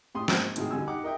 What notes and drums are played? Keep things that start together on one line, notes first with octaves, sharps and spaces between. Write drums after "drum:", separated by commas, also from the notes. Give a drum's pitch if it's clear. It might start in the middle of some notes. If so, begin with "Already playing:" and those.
A2 G4 C6 D#6
G#2 A#3 C4 F#4 A5 E6, drum: snare
G#1 A2 C3 F#4 G#4, drum: hi-hat
B2 D3 G3 G#5 E6
D#4 G4 F#5 D6
A#4 D#5 E5 G5